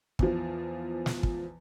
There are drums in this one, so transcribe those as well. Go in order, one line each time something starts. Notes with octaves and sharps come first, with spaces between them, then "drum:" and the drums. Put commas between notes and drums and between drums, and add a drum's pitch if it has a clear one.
E2 F3, drum: kick
drum: snare
drum: kick